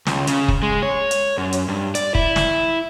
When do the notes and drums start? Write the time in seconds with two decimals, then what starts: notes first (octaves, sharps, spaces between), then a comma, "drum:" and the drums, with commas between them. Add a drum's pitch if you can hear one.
0.07 C#2, drum: snare
0.27 C#3, drum: hi-hat
0.48 drum: kick
0.63 G#3
0.83 C#5
1.11 drum: hi-hat
1.38 F#2
1.53 drum: hi-hat
1.68 G2
1.95 D5, drum: hi-hat
2.15 E4, drum: kick
2.36 drum: snare